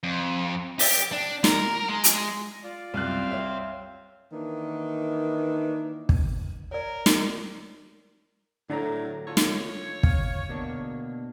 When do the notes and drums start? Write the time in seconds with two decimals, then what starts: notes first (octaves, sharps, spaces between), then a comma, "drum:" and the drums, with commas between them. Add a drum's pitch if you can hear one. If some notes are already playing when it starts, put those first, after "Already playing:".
0.03 F2
0.79 G4, drum: open hi-hat
1.12 D4
1.44 A#4, drum: snare
1.88 G#3
2.04 drum: hi-hat
2.63 F4 D5
2.94 C2 F#2 C3 C4 F5 F#6
3.31 C#5 E5
4.32 D#3 E3 A#3 D4 D#4
6.09 drum: kick
6.71 A#4 C#5 D5
7.06 drum: snare
8.70 A2 D3 F#3 D5 A#5
9.28 F4 A4 C#5
9.37 drum: snare
10.03 F5, drum: kick
10.49 B2 A#3 D4